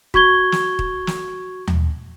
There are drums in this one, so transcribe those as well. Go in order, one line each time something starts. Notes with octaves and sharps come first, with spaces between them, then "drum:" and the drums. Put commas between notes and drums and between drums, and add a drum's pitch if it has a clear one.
F#4 C#6 G#6 G7, drum: kick
drum: snare
drum: kick
drum: snare
drum: tom D#2